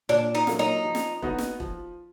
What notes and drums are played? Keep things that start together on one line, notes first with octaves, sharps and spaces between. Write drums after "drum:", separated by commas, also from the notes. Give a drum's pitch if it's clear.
A#2 D4
D#4
F#3 A#3 F4, drum: snare
D#4
F3
drum: snare
B3 D#4 F#4, drum: kick E1
drum: snare
F3, drum: kick E1